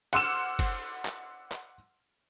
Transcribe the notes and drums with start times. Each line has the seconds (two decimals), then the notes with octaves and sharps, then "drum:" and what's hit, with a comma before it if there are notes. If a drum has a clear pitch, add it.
0.13 F#5 C6 D6 E6 F6 E7, drum: cymbal
0.59 drum: kick F#1, cymbal
1.05 drum: clap
1.52 drum: clap